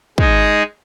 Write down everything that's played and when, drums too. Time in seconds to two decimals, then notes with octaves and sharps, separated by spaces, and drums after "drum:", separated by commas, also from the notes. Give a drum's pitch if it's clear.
0.18 G#3 D#4 G#4 D#5, drum: kick